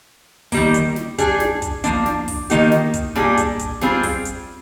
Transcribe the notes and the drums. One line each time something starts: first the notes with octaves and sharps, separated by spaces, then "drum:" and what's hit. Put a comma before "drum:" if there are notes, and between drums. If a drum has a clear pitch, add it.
D#3 G3 A#3, drum: kick, open hi-hat
drum: hi-hat
drum: snare
G3 D4 G#4, drum: kick, hi-hat
drum: snare
drum: kick, hi-hat
F3 A#3 D4, drum: kick, hi-hat
drum: snare
drum: kick, open hi-hat
D#3 A#3 D#4 G4, drum: hi-hat
drum: snare
drum: kick, hi-hat
A#2 G3 D4 G#4, drum: snare
drum: kick, hi-hat
drum: kick, hi-hat
G3 C4 F4 G#4, drum: snare
drum: kick, open hi-hat
drum: hi-hat